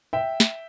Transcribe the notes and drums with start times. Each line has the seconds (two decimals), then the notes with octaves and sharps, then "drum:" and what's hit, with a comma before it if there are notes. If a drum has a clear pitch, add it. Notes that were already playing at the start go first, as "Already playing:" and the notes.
0.13 E5 G5
0.40 drum: snare